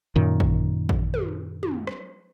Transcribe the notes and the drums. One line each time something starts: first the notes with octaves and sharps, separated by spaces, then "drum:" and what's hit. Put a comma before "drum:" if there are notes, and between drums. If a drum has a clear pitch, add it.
F#2 A#2 D#3
drum: kick A1
drum: kick A1
drum: tom
drum: tom
drum: rim click